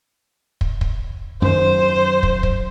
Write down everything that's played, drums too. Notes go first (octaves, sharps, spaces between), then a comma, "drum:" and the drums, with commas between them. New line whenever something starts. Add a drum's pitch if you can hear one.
drum: kick
drum: kick
F#2 D#3 C5
drum: kick
drum: kick